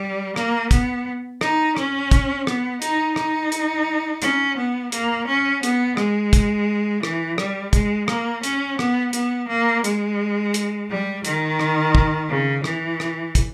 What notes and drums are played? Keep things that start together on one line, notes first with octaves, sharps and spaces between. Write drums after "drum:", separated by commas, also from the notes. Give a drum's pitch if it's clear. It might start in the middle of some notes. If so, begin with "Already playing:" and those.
Already playing: G3
A#3, drum: rim click
B3, drum: kick, hi-hat
D#4, drum: rim click
C#4, drum: rim click
drum: kick, hi-hat
B3, drum: rim click
D#4, drum: hi-hat
D#4, drum: rim click
drum: hi-hat
C#4, drum: hi-hat
B3
A#3, drum: hi-hat
C#4
B3, drum: hi-hat
G#3, drum: rim click
drum: kick, hi-hat
E3, drum: rim click
G3, drum: rim click
G#3, drum: kick, hi-hat
A#3, drum: rim click
C#4, drum: hi-hat
B3, drum: rim click
B3, drum: hi-hat
A#3
G#3, drum: hi-hat
drum: hi-hat
G3
D#3, drum: hi-hat
drum: rim click
drum: kick
C#3
E3, drum: rim click
drum: rim click
drum: kick, hi-hat